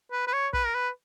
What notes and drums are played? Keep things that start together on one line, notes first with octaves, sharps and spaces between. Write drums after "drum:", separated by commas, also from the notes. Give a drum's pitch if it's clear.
B4
B4
C#5
B4, drum: kick
A#4
B4